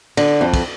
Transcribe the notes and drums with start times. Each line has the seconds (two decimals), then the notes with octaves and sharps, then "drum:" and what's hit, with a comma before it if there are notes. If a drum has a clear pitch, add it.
0.17 D3, drum: cymbal
0.41 F2
0.53 drum: kick, cymbal